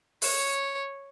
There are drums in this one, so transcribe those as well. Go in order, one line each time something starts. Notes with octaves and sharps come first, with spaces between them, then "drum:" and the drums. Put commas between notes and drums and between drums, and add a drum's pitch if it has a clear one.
C#5, drum: open hi-hat